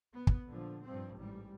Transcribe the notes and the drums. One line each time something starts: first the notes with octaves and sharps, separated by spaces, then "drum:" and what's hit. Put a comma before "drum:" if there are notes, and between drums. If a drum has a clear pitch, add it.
B3
drum: kick
A#1 D3 F3
G2 F3 C4
A1 G#2 G3